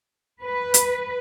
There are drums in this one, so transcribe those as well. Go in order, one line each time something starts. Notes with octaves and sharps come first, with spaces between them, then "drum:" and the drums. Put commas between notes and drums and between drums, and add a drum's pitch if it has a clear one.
B4
drum: hi-hat